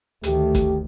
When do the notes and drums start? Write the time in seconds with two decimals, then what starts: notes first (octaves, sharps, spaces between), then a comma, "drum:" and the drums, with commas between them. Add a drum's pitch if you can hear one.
0.23 D2 D#3 A3 G4, drum: hi-hat
0.55 drum: kick, hi-hat